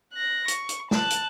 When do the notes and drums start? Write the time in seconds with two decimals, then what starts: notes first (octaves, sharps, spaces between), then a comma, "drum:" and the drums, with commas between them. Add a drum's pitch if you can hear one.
0.13 F#6 A#6
0.48 C#6, drum: hi-hat
0.69 drum: hi-hat
0.91 A5 F#6, drum: snare
1.10 drum: hi-hat